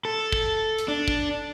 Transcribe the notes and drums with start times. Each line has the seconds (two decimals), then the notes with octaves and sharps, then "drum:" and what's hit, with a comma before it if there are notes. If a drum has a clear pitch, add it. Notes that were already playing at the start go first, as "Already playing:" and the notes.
0.05 A4
0.32 drum: kick
0.78 drum: hi-hat
0.88 D4
1.08 drum: kick